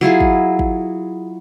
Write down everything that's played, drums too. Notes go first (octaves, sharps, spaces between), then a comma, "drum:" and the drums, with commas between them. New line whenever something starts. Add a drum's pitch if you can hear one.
F#3 E4 F4 G#4
drum: kick
drum: kick